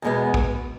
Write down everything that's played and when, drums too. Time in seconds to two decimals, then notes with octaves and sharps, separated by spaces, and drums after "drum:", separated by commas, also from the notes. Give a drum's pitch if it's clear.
0.02 E2 B2 G#3 B3
0.34 drum: kick